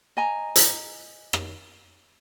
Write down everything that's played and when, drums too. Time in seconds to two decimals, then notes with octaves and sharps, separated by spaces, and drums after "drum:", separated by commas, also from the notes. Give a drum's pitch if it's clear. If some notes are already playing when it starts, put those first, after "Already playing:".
0.17 D#5 G#5 A#5
0.56 drum: hi-hat
1.33 drum: rim click